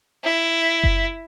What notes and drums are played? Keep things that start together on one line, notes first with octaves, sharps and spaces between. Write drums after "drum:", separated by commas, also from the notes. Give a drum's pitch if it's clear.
E4
drum: kick F#1